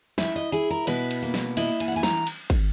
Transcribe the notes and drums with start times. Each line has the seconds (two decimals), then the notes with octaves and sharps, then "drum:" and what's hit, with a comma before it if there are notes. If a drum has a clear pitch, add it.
0.18 E4 E5, drum: snare
0.36 D#5
0.52 E4 G#4
0.70 A#4
0.87 B2 B4, drum: cymbal
1.11 drum: cymbal
1.22 A#3
1.34 drum: snare
1.57 E4 D#5, drum: cymbal
1.80 G#5, drum: cymbal
1.88 F#5
1.92 E3 G#5
2.03 A#5, drum: snare
2.27 drum: cymbal
2.50 drum: kick, cymbal